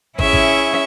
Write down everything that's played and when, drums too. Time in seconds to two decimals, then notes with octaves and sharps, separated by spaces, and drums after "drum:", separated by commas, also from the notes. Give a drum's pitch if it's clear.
0.19 C#4 E4 G#4 E5 C#6, drum: kick
0.33 drum: kick